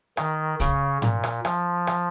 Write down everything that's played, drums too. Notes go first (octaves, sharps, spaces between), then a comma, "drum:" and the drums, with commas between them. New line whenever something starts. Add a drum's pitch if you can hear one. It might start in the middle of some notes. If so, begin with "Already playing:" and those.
D#3, drum: rim click
C#3, drum: kick, hi-hat
A#2, drum: tom G#2
drum: rim click
F3, drum: rim click
drum: rim click